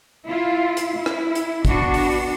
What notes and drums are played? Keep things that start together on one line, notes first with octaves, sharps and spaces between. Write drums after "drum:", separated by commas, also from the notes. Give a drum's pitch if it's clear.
E4 F4
drum: hi-hat
E4
drum: rim click
drum: hi-hat
B3 D4 F#4, drum: kick, hi-hat
drum: open hi-hat